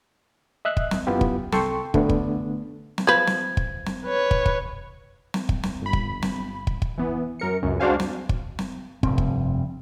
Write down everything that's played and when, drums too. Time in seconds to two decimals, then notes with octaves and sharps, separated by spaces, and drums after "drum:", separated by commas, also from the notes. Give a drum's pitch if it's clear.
0.65 D#5 E5 F#6
0.77 drum: kick
0.91 drum: snare
1.07 F#2 B3 E4 F4 G4
1.21 drum: kick
1.53 C2 A4 G5 C6 C#6, drum: snare
1.94 D3 A3 B3 D4, drum: kick
2.09 drum: kick
2.98 drum: snare
3.07 F3 B4 G#6
3.28 drum: snare
3.57 drum: kick
3.87 drum: snare
4.05 B4 C#5
4.31 drum: kick
4.46 drum: kick
5.34 drum: snare
5.49 drum: kick
5.64 drum: snare
5.81 G1 B5
5.93 drum: kick
6.23 drum: snare
6.67 drum: kick
6.82 drum: kick
6.98 E3 B3
7.39 F#2 A#4 C#7
7.62 C#2 F#2
7.80 G#3 D4 F#4 C5 F5 G#5
8.00 drum: snare
8.29 drum: kick
8.59 drum: snare
9.03 F1 G2 C4, drum: kick
9.18 drum: kick